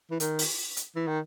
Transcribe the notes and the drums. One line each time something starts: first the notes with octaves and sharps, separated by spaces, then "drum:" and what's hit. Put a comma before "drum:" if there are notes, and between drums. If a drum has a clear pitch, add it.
E3
D#3, drum: hi-hat
drum: open hi-hat
drum: hi-hat
E3
D#3